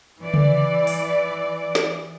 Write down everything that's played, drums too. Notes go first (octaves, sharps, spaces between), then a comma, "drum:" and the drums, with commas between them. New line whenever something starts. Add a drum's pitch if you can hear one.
E3 D5
drum: tom C#3
drum: open hi-hat
drum: snare